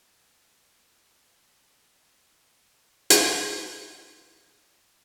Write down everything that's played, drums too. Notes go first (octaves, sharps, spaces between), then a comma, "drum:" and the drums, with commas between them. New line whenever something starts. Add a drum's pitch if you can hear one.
F#2 C#3 F#3 G#3
A3 D4 D#5 A#5
G2 F4 F#5 G#5
D#5 A5
E4
drum: hi-hat
D#4 B5